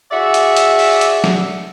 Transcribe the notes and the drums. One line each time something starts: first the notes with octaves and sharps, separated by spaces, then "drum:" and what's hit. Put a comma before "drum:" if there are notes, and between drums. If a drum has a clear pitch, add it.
F#4 G#4 D5 E5
drum: hi-hat
drum: hi-hat
drum: open hi-hat
drum: hi-hat
drum: snare